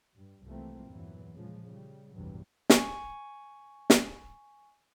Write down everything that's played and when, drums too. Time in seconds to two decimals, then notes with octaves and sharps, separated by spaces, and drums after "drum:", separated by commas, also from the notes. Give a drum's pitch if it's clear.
0.15 G2
0.45 C2 E3 F3 A3 A#3 C4
0.87 E2 G2 A#2 E3 F#3
1.32 A#2 C#3 F3 G#3
1.64 C#3 G3
2.14 A1 E2 G2 C3 E3 F#3
2.70 G#5 C#6, drum: snare
3.90 drum: snare